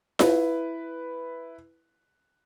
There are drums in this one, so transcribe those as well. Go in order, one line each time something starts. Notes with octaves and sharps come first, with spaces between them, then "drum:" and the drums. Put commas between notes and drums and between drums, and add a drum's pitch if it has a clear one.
E4 B4, drum: snare F4